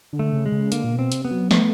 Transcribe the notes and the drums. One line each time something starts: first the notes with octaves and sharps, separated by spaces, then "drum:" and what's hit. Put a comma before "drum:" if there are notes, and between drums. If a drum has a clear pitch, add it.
D3
A3
C#3
G#3
C#3
D3 A#3, drum: hi-hat
A#2
B2
C4
C3, drum: hi-hat
B3
F#3
A3 B3, drum: snare